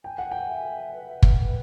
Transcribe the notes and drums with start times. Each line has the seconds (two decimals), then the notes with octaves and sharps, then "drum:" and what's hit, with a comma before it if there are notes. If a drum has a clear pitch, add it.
0.04 G5 G#5
0.18 F#5
0.31 G5
0.48 E5
0.93 B4
1.23 drum: kick
1.38 B4